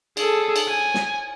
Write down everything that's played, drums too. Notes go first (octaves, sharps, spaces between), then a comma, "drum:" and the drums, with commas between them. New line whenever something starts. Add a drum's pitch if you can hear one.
G#4 A4, drum: cymbal
drum: cymbal
G#5
drum: snare